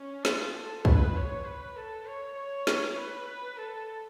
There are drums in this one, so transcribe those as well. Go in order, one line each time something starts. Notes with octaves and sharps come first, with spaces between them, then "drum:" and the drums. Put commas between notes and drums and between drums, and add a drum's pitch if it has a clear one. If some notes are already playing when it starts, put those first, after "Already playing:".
Already playing: C#4
F4, drum: snare
A4
B4, drum: kick
C#5
B4
A4
C#5
C#5
drum: snare
B4
B4
A4